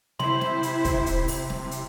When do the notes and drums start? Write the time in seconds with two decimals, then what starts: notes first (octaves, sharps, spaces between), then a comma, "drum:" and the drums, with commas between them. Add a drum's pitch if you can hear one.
0.19 C3 E4 C5 C6, drum: snare
0.41 drum: snare
0.63 drum: hi-hat
0.85 drum: kick, hi-hat
1.06 drum: hi-hat
1.28 drum: open hi-hat
1.50 drum: snare
1.71 drum: hi-hat